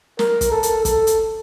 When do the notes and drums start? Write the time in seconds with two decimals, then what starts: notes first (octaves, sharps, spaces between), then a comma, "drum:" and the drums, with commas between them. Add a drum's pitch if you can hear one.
0.19 A#4, drum: snare
0.41 drum: kick, hi-hat
0.52 A4
0.63 drum: hi-hat
0.85 A4, drum: kick, hi-hat
1.07 drum: hi-hat